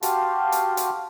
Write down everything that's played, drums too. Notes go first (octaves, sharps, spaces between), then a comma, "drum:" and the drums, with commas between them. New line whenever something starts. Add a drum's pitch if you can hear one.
F#4 G4 F5 A5 C6, drum: hi-hat
drum: hi-hat
drum: hi-hat